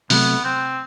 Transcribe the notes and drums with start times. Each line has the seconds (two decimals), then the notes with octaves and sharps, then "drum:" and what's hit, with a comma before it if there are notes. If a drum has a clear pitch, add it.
0.10 C3 F#3 A3 B3, drum: open hi-hat
0.44 C4